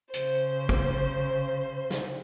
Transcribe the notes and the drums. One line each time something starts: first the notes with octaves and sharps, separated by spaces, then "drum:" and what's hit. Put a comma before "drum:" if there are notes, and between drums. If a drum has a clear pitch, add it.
C#3 C5, drum: hi-hat
drum: kick
drum: snare